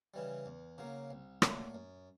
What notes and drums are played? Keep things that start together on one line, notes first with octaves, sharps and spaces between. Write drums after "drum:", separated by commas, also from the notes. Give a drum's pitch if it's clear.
C#3 E3 G3
E2
C#3 F#3 A#3
C2
A#2 F#3 A3, drum: rim click
F#2